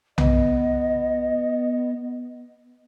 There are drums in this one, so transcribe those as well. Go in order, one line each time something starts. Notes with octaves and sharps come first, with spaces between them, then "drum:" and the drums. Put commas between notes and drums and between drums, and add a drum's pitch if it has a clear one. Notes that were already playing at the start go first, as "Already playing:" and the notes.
B3 D#5, drum: tom B1